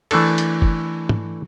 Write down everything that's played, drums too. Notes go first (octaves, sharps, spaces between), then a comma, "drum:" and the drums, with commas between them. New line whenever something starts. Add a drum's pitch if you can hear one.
E3 A3 D4 A4, drum: cymbal
drum: hi-hat
drum: kick F#1
drum: tom G#2